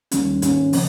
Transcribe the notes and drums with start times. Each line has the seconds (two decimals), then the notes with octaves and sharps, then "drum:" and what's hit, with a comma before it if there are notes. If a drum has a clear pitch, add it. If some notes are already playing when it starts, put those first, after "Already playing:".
0.11 D#2 D#3 G3 A#3 C#4, drum: hi-hat
0.42 G#2 D#3 A#3 C#4, drum: hi-hat
0.73 C#3 F3 C4, drum: open hi-hat